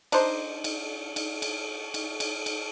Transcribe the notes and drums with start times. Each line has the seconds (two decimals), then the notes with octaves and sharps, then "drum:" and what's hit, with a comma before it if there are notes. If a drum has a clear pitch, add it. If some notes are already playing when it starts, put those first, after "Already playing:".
0.12 D4 D#4 C5, drum: cymbal
0.64 drum: cymbal
1.16 drum: cymbal
1.42 drum: cymbal
1.94 drum: cymbal
2.20 drum: cymbal
2.46 drum: cymbal